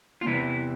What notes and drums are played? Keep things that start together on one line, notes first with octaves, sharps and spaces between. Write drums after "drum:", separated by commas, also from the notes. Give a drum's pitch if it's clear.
F4, drum: tom
E2 C3 E3 E4